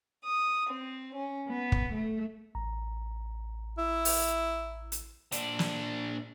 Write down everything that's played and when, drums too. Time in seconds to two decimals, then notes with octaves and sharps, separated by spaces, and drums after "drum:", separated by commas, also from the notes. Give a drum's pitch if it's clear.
0.24 D#6
0.69 C4
1.14 C#4
1.48 B3
1.72 drum: kick
1.92 A3
2.55 A1 A#5
3.78 E4
4.05 drum: open hi-hat
4.92 drum: hi-hat
5.32 A#2 D4, drum: hi-hat
5.59 drum: snare